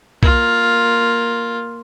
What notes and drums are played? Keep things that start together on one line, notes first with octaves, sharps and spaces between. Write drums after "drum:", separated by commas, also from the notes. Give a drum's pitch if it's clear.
A#3 F4, drum: kick B1